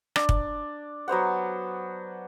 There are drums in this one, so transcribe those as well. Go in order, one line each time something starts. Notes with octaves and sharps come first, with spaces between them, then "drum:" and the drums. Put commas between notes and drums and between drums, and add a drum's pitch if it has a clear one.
D4, drum: rim click
drum: kick
F#3 B3 C5 F#5